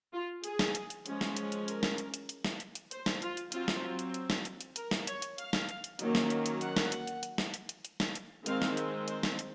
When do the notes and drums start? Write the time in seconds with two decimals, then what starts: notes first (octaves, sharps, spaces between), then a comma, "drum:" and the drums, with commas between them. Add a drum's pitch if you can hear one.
0.13 F4
0.44 G#4, drum: hi-hat
0.59 drum: snare
0.75 drum: hi-hat
0.90 drum: hi-hat
1.06 F3 G#3 C#4, drum: hi-hat
1.21 drum: snare
1.37 drum: hi-hat
1.52 drum: hi-hat
1.68 A#4, drum: hi-hat
1.83 drum: snare
1.98 drum: hi-hat
2.14 drum: hi-hat
2.29 drum: hi-hat
2.45 drum: snare
2.60 drum: hi-hat
2.75 drum: hi-hat
2.91 C5, drum: hi-hat
3.06 drum: snare
3.22 F4, drum: hi-hat
3.37 drum: hi-hat
3.52 F#3 C4 F4, drum: hi-hat
3.68 drum: snare
3.99 drum: hi-hat
4.14 drum: hi-hat
4.30 drum: snare
4.45 drum: hi-hat
4.61 drum: hi-hat
4.76 A#4, drum: hi-hat
4.91 drum: snare
5.07 C#5, drum: hi-hat
5.22 drum: hi-hat
5.38 F5, drum: hi-hat
5.53 drum: snare
5.69 drum: hi-hat
5.84 drum: hi-hat
5.99 D#3 F#3 A#3 C#4, drum: hi-hat
6.15 drum: snare
6.30 drum: hi-hat
6.46 drum: hi-hat
6.61 F#5, drum: hi-hat
6.77 drum: snare
6.92 drum: hi-hat
7.07 drum: hi-hat
7.23 drum: hi-hat
7.38 drum: snare
7.54 drum: hi-hat
7.69 drum: hi-hat
7.85 drum: hi-hat
8.00 drum: snare
8.15 drum: hi-hat
8.46 D#3 G#3 C4 F5, drum: hi-hat
8.62 drum: snare
8.77 drum: hi-hat
9.08 C5, drum: hi-hat
9.23 drum: snare
9.39 drum: hi-hat